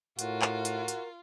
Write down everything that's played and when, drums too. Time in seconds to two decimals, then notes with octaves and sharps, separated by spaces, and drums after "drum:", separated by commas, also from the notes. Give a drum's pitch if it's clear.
0.19 A2 F4 F#4 A#4, drum: hi-hat
0.42 drum: clap
0.65 drum: hi-hat
0.88 drum: hi-hat